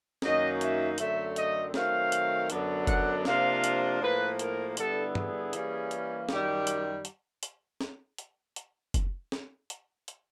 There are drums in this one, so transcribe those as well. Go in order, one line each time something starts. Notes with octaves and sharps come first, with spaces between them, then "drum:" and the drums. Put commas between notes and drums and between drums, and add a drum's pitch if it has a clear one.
F#2 D#3 F#3 A#3 D#4 D#5, drum: snare
E5, drum: hi-hat
F#2 D3 F#3 A3 C4 E5, drum: hi-hat
D#5, drum: hi-hat
D#3 F#3 A3 C4 F5, drum: snare
drum: hi-hat
F#2 D3 F#3 B3 D4, drum: hi-hat
F#5, drum: kick F#1, hi-hat
C3 F3 A#3 D4 F4 F5, drum: snare
drum: hi-hat
A2 F3 A#3 B4
A#4, drum: hi-hat
G2 D3 G3 B3 E4 A4, drum: hi-hat
G#4, drum: tom
E3 G3 A#3 C#4, drum: hi-hat
drum: hi-hat
F#2 D#3 G3 G4, drum: snare
drum: hi-hat
drum: hi-hat
drum: hi-hat
drum: snare
drum: hi-hat
drum: hi-hat
drum: kick F#1, hi-hat
drum: snare
drum: hi-hat
drum: hi-hat